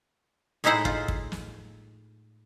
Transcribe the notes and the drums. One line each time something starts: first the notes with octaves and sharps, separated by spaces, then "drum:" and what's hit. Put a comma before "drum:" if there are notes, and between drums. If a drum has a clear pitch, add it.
A2 G#3 D#4 E4 C5 F#5
F4, drum: kick
drum: kick
drum: snare